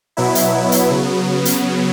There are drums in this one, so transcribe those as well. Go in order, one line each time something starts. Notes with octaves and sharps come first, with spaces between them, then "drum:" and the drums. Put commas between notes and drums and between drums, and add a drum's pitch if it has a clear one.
B2 F#3 B3 E4
drum: hi-hat
drum: hi-hat
C#3 F#3 B3
drum: hi-hat